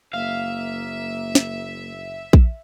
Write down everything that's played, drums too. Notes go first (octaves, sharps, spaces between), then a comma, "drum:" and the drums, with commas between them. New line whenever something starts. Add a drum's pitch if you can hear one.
F#1 A#3 E5 F5
drum: snare
drum: kick A#1